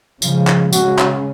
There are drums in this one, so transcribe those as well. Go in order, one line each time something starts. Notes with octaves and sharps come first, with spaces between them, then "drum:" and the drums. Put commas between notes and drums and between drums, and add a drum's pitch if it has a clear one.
C#3 F3 G#3, drum: tambourine
drum: clap
C#3 G#3 C#4 F#4, drum: tambourine
drum: clap